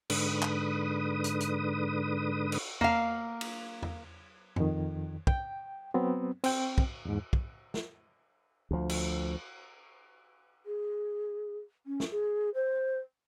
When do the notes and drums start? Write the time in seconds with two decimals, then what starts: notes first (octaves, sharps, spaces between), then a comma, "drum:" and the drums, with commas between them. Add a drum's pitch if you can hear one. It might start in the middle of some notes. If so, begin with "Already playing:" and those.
0.10 G#2 D3 B4 D#6, drum: cymbal
0.42 drum: clap
1.24 drum: hi-hat
1.40 drum: hi-hat
2.52 drum: cymbal
2.81 A#3 F5, drum: tom E2
3.41 drum: cymbal
3.82 drum: tom E2
4.56 F2 D#3, drum: tom G2
5.27 G5, drum: kick
5.94 F#3 B3 C4
6.44 C4 G5, drum: cymbal
6.78 drum: kick
7.05 E2 G#2
7.33 drum: kick
7.74 drum: snare
8.71 D2 F3
8.90 drum: cymbal
10.65 G#4
11.86 C#4
12.00 drum: snare
12.10 G#4
12.54 C5